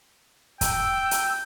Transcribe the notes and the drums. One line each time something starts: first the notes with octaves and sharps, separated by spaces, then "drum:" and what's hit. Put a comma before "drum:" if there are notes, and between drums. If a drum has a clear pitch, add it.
G5 E6, drum: kick, hi-hat
drum: hi-hat